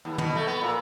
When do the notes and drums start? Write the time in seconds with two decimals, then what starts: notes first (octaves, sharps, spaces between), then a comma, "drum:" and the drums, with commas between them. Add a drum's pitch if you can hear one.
0.05 D#2
0.18 B2, drum: tom
0.35 A3
0.47 B3
0.61 A#2